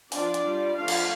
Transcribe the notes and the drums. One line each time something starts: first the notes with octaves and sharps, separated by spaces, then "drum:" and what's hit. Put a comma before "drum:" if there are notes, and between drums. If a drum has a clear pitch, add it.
F3 D4 F4 D5, drum: open hi-hat
drum: hi-hat
G3 F4
F3 A3 D4 F4 F5
drum: cymbal